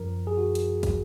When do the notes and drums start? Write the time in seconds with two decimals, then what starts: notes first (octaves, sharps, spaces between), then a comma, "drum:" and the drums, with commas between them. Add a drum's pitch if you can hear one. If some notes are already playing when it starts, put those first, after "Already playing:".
Already playing: F#2 F3 A#4
0.27 G#4
0.37 F#4
0.55 drum: hi-hat
0.83 drum: kick, hi-hat